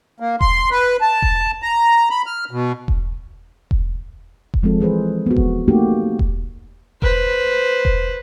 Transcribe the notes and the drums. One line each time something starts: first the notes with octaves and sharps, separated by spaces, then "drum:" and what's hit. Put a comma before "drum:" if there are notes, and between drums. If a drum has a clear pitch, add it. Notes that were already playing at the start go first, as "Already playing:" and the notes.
A#3
C6, drum: kick E1
B4
A5
drum: kick E1
A#5
B5
F6
B2
drum: kick E1
drum: kick E1
drum: kick E1
F3 G#3 C4 A4
E3 G#4 B4 C5
B3 F#4
drum: kick E1
A3 A#3 C4 D#4 F#4 G4
drum: kick E1
B4 C5, drum: kick E1
drum: kick E1